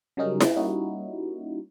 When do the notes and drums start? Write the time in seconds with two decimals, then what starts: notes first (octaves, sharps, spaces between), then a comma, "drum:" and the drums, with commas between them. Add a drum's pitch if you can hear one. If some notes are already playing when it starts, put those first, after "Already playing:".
0.17 C#3 F#3 G3 C#4 D#4 A#4
0.41 drum: snare E4
0.56 G3 A#3 C#4 D#4 E4 F#4